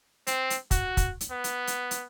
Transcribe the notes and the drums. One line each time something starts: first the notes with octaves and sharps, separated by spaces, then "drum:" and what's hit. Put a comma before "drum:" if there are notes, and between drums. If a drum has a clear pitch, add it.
C4, drum: hi-hat
drum: hi-hat
F#4, drum: kick, hi-hat
drum: kick, hi-hat
drum: hi-hat
B3
drum: hi-hat
drum: hi-hat
drum: hi-hat